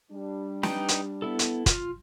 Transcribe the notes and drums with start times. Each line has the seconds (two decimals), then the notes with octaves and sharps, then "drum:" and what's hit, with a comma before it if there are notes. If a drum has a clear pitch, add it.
0.12 G3 D4
0.63 D#4 B4 G5, drum: snare
0.88 drum: hi-hat
1.22 B3 E4 A4
1.39 drum: hi-hat
1.66 F4 F6, drum: kick, hi-hat